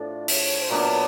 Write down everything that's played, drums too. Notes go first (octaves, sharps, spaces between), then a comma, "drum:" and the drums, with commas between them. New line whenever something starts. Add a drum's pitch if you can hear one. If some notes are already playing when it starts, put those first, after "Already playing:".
Already playing: A2 F3 D4 D5
C#5, drum: open hi-hat
C5
A#2 F#3 B3 D4 C#5